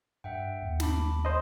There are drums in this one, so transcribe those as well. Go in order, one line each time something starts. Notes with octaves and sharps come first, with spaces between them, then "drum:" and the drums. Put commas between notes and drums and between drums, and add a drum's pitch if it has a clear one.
G2 E5 F#5 G5
D#2
A5 B5 D6, drum: snare
C5 D#5